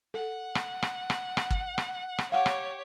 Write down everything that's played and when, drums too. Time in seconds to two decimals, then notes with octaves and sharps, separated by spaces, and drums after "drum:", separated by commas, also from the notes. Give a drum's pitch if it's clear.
0.14 A4 F#5
0.55 drum: rim click
0.82 drum: rim click
1.10 drum: rim click
1.37 drum: rim click
1.50 drum: kick
1.78 drum: rim click
2.18 drum: rim click
2.32 G4 C#5 F5 F#5
2.46 drum: rim click